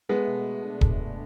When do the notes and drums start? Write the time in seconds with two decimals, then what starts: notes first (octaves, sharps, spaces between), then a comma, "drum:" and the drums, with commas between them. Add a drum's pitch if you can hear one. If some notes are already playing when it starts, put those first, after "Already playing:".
0.09 G#3 A3 B3
0.28 B2
0.45 B2
0.64 D4
0.81 B2, drum: kick
0.99 B2